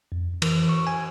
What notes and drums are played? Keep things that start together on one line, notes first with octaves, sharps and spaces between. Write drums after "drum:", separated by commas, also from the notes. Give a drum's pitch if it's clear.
F2
E3, drum: cymbal
C#6
G#5